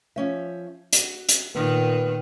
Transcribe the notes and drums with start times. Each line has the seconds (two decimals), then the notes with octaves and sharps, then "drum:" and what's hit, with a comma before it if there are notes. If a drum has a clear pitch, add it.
0.16 F3 C#4 E5
0.93 F#4, drum: hi-hat
1.29 drum: hi-hat
1.55 A#2 D#3 B3